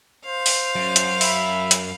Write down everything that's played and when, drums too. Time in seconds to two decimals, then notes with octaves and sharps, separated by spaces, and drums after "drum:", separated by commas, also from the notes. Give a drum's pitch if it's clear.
0.26 C5 F5
0.46 drum: open hi-hat
0.76 F#2
0.96 drum: hi-hat
1.21 E5 B5, drum: open hi-hat
1.71 drum: hi-hat